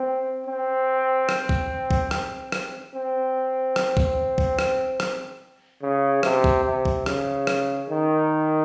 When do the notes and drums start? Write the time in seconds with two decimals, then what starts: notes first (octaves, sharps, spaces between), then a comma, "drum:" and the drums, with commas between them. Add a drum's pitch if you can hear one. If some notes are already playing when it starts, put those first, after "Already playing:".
Already playing: C4
0.46 C4
1.29 drum: rim click
1.49 drum: kick
1.91 drum: kick
2.11 drum: rim click
2.52 drum: rim click
2.94 C4
3.76 drum: rim click
3.97 drum: kick
4.38 drum: kick
4.59 drum: rim click
5.00 drum: rim click
5.82 C#3
6.23 C3, drum: rim click
6.44 drum: kick
6.65 C3
6.85 drum: kick
7.06 C#3, drum: rim click
7.47 drum: rim click
7.89 D#3